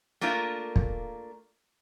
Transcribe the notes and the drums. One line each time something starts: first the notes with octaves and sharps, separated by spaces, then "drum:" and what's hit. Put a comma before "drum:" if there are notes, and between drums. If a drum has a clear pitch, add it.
A3 A#3 D4 F4 A#4
drum: kick